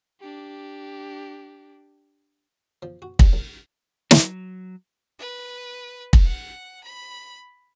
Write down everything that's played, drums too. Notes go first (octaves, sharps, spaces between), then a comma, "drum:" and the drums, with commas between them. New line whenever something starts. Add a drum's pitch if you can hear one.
D4 G4
F3
F#4
G3, drum: kick
C2
F#3, drum: snare
B4
drum: kick
F#5
B5